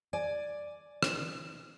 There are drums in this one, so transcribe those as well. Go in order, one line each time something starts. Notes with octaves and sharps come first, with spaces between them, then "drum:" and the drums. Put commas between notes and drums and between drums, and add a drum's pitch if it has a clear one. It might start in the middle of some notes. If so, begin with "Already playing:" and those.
D5 G#5
drum: rim click